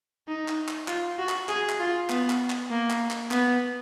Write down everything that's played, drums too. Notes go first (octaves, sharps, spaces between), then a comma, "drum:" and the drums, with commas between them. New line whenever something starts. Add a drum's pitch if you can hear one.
D#4
drum: clap
drum: clap
F4, drum: clap
F#4
drum: clap
G#4, drum: clap
drum: clap
F4
B3, drum: clap
drum: clap
drum: clap
A#3
drum: clap
drum: clap
B3, drum: clap